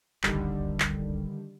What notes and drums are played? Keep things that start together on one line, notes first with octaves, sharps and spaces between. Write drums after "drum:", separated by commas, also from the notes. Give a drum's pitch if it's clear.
D1 G1 C#2 D3 D#3 G3, drum: clap
drum: clap